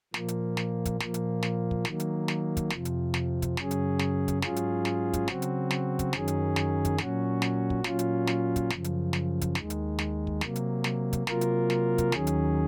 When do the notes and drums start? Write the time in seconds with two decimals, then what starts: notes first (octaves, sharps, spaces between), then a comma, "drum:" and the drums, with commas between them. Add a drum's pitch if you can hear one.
0.14 A#2 F3 A#3, drum: snare
0.28 drum: hi-hat
0.57 drum: snare
0.85 drum: kick, hi-hat
1.00 A#2 F3 A#3, drum: snare
1.14 drum: hi-hat
1.43 drum: snare
1.71 drum: kick
1.85 D#3 F#3 A#3, drum: snare
2.00 drum: hi-hat
2.28 drum: snare
2.57 drum: kick, hi-hat
2.70 F2 C3 F3, drum: snare
2.85 drum: hi-hat
3.14 drum: snare
3.42 drum: kick, hi-hat
3.57 F#2 C#3 F#3 C#4 G#4, drum: snare
3.71 drum: hi-hat
3.99 drum: snare
4.28 drum: kick, hi-hat
4.42 G#2 F#3 C#4 F4 G#4, drum: snare
4.56 drum: hi-hat
4.85 drum: snare
5.13 drum: kick, hi-hat
5.28 C#3 F#3 C4 F#4, drum: snare
5.42 drum: hi-hat
5.71 drum: snare
5.99 drum: kick, hi-hat
6.13 F#2 D#3 F#3 C#4 G#4, drum: snare
6.28 drum: hi-hat
6.56 drum: snare
6.85 drum: kick, hi-hat
6.98 A#2 F#3 C#4 F#4, drum: snare
7.42 drum: snare
7.70 drum: kick
7.84 A#2 F#3 C#4 F4, drum: snare
7.99 drum: hi-hat
8.27 drum: snare
8.56 drum: kick, hi-hat
8.70 F#2 C#3 F3, drum: snare
8.84 drum: hi-hat
9.13 drum: snare
9.41 drum: kick, hi-hat
9.55 D#2 D#3 G#3, drum: snare
9.70 drum: hi-hat
9.99 drum: snare
10.27 drum: kick
10.41 C3 F#3 A#3, drum: snare
10.56 drum: hi-hat
10.84 drum: snare
11.13 drum: kick, hi-hat
11.27 C3 F#3 A#3 F4 A#4, drum: snare
11.41 drum: hi-hat
11.70 drum: snare
11.98 drum: kick, hi-hat
12.12 D#2 D#3 F#3 C#4 G#4, drum: snare
12.27 drum: hi-hat